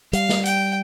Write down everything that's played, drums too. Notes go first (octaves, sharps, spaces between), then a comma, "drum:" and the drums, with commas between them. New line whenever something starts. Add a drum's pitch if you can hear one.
G3 F5, drum: hi-hat
drum: snare
G5, drum: hi-hat